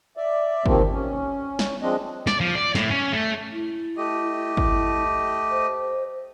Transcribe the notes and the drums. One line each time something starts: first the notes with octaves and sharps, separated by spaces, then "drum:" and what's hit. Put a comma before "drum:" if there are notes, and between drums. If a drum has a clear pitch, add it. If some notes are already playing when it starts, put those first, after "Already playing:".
D5 E5
C3 D#3 F3 A#3 C4, drum: kick
C#4
drum: snare
F3 G#3 C4 D4 D#5
D5, drum: snare
F3
D5
A2, drum: snare
C#4
A3
E4
A3 G4 D#5
drum: kick
C5